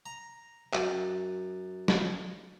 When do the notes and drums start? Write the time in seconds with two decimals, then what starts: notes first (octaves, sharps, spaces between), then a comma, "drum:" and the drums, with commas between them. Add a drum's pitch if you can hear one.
0.06 A#5
0.73 F#2, drum: clap
1.88 drum: snare